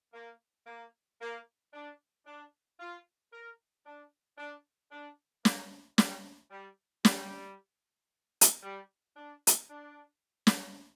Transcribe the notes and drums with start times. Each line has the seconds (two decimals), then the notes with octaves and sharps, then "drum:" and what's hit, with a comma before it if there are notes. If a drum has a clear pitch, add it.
0.14 A#3
0.67 A#3
1.21 A#3
1.74 D4
2.27 D4
2.80 F4
3.33 A#4
3.86 D4
4.38 D4
4.92 D4
5.45 A#3, drum: snare
5.98 G3, drum: snare
6.51 G3
7.05 G3, drum: snare
8.41 drum: hi-hat
8.63 G3
9.17 D4
9.47 drum: hi-hat
9.70 D4
10.47 drum: snare